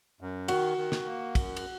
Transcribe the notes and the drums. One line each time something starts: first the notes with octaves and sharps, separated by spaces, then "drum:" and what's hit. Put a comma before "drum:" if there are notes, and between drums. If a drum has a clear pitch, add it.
F#2
D#3 F#4, drum: cymbal
D#3
drum: snare
A#3
F#2, drum: kick, cymbal
drum: cymbal